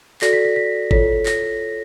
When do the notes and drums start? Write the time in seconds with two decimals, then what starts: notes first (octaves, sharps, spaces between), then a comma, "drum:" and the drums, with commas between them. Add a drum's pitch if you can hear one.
0.21 F#4 A4 D5 A#6, drum: clap
0.33 B6
0.45 B6
0.56 B6
0.91 F4 A4 C#5 B6, drum: kick G#1
1.26 A#6, drum: clap